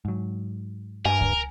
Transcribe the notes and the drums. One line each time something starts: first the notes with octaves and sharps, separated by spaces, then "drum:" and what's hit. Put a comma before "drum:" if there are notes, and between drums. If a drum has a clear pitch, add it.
G#2 F#3
G2 A#4 G#5
drum: kick C#2